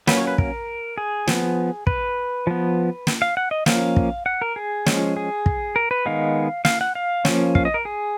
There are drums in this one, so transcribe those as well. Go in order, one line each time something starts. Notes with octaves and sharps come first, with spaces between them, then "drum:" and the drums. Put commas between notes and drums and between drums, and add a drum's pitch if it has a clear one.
F#3 A#3 C#4 B4, drum: snare
C#5
B4
A#4, drum: kick
G#4
F3 B3, drum: snare
B4, drum: kick
F3 B3
drum: snare
F5
F#5
D#5
F3 A#3 C#4 F5, drum: snare
drum: kick
F#5
A#4
G#4
F3 G#3 C#4, drum: snare
G#4
drum: kick
A#4
B4
D#3 G#3 B3 F5
F5, drum: snare
F#5
F5
F3 A#3 C#4, drum: snare
F5, drum: kick
D#5
A#4
G#4